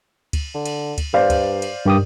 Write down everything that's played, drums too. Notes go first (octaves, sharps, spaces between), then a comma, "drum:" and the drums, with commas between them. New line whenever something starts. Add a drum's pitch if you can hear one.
drum: kick D2, cymbal
D3
drum: cymbal
drum: kick D2, cymbal
G2 C5 D5 F5
drum: kick D2, cymbal
drum: cymbal
G2 D#3 G4 D#6